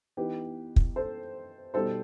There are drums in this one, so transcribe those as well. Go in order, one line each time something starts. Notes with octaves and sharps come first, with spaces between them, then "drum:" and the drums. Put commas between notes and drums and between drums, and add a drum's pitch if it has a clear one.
E3 B3 D#4 G4 B4
drum: kick
A4 C5
B2 G3 D#4 A4 C5